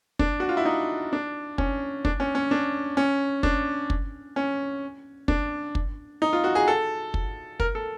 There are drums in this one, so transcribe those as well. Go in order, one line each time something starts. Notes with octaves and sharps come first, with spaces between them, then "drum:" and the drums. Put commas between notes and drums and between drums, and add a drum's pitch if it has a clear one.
D4, drum: kick
F#4
F4
E4
D#4
D4
C#4, drum: kick
D4, drum: kick
C#4
C#4
D4
C#4
D4, drum: kick
drum: kick
C#4
D4, drum: kick
drum: kick
D#4
F4
F#4
G#4
A4
drum: kick
A#4, drum: kick
A4